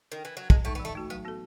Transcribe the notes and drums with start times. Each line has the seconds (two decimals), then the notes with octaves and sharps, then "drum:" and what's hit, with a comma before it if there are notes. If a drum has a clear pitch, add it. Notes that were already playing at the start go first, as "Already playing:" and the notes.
0.12 D#3
0.25 E3
0.37 F#3
0.50 A2 G#3, drum: kick
0.65 G#3 A3 D#4
0.75 B3
0.80 E3
0.85 A3
0.95 A3 D#4 F#4
1.10 F#3 B3
1.25 B3 F#4 A4